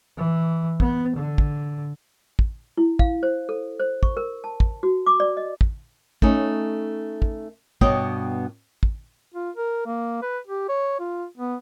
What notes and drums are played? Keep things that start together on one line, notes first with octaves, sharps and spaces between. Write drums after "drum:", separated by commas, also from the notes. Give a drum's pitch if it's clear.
E3
B3, drum: kick
D3
drum: kick
drum: kick
E4
F5, drum: kick
C5
A4
C5
C#6, drum: kick
A#4
A5
drum: kick
F#4
D6
D5
D#5
drum: kick
A3 C#4 D#4, drum: kick
drum: kick
G2 B2 B3 C#5 D#5 G5, drum: kick
drum: kick
F4
A#4
A#3
B4
G4
C#5
F4
B3